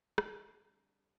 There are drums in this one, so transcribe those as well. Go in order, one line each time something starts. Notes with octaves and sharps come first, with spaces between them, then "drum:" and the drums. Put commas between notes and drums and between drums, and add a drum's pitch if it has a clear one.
F2 A5, drum: rim click
D3 G3 A#5